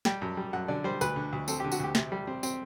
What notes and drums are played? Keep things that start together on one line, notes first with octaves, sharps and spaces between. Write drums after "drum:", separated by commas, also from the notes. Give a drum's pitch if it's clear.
G3 G5, drum: snare
F#2
G3
F#2 F#5
D3 D5
G3 C5
D2 B4, drum: tambourine
D3
D2
C4 A4, drum: tambourine
G4
D3
F#4, drum: tambourine
D2 G4
C3, drum: snare
G3
C4
C4, drum: tambourine